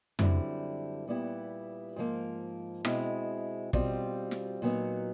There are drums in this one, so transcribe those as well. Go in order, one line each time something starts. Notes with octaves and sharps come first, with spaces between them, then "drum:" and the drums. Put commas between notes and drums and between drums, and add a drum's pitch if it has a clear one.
F#2 D3 G3 C4 E4, drum: tom F2
A#2 G3 B3 E4 G4
G#2 F3 A#3
B2 G#3 C4 E4, drum: rim click
B2 G3 C4 F4, drum: kick
drum: snare
A#2 F#3 B3 D#4